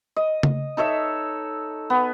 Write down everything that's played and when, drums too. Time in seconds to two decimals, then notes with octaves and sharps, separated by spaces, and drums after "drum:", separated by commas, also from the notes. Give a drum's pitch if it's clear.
0.16 D#5
0.43 drum: tom C#3
0.77 D#4 A4 C#5 E5
1.90 B3